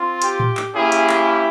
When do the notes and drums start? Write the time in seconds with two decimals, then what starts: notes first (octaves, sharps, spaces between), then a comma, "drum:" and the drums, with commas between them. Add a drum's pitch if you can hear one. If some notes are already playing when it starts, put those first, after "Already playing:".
Already playing: C4 F4
0.22 G4, drum: hi-hat
0.40 drum: tom A2
0.57 drum: clap
0.74 A#3 C#4 E4 G4 G#4
0.92 drum: hi-hat
1.09 drum: clap